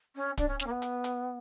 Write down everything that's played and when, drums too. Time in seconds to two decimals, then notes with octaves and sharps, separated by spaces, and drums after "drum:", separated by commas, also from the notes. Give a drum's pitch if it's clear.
0.15 C#4
0.38 D4, drum: kick D1, hi-hat
0.48 C#4
0.60 C#4, drum: snare
0.66 A#3
0.71 B3
0.82 drum: hi-hat
1.04 drum: hi-hat